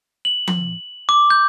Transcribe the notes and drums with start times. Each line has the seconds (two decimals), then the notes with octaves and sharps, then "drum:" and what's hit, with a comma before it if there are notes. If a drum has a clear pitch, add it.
0.25 F#7
0.47 drum: tom F3
1.09 D6
1.30 G6